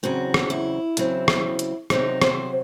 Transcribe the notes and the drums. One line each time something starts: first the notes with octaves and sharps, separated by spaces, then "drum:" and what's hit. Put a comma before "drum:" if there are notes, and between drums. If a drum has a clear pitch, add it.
E2 C#3 F#3 C4 F#4
drum: rim click
E4
E2 C#3 F#3 C4, drum: hi-hat
drum: rim click
drum: hi-hat
C3 F#3 C4 D#4, drum: rim click
C5, drum: rim click